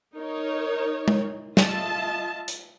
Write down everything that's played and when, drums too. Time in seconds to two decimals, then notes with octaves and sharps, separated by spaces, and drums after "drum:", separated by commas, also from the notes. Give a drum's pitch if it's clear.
0.16 D#4 A#4 C#5
1.08 drum: tom G#3
1.57 F4 D#5 E5 A5, drum: snare
2.48 drum: hi-hat